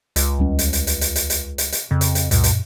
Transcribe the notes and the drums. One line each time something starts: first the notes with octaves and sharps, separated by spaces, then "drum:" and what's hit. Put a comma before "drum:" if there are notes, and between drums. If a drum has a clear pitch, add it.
C#2, drum: hi-hat
D#2 G3 C#4
drum: hi-hat
drum: hi-hat
drum: hi-hat
drum: hi-hat
drum: hi-hat
drum: hi-hat
drum: hi-hat
drum: hi-hat
F2 C#3
drum: hi-hat
drum: hi-hat
C#2 F#2 A#2, drum: hi-hat
drum: hi-hat